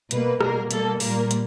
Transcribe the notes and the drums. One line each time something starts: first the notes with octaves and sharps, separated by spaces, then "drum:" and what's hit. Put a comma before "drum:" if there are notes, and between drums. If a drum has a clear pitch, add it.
B2 G3 A#3 B4, drum: hi-hat
B2 G3 A#3 A#4, drum: rim click
B2 G3 A#3 A4, drum: hi-hat
A#2 G3 A#3 A#4, drum: open hi-hat
drum: hi-hat